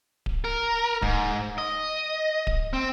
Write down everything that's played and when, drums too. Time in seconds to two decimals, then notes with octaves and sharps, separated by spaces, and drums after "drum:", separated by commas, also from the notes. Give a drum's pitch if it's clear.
0.26 drum: kick D1
0.44 A#4
1.02 G#2, drum: kick D1
1.58 D#5
2.47 drum: kick D1
2.73 C4